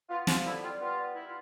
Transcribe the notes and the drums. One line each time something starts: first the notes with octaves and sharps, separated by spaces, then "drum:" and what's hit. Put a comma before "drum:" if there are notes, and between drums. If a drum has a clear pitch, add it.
B3 F4
F3 F4, drum: snare
D3 E4
G3 F4
B3 F4
G3
B3 E4
F4